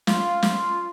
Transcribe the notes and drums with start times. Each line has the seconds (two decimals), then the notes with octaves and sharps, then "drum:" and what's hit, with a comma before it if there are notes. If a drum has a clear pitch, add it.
0.07 F4, drum: snare
0.43 drum: snare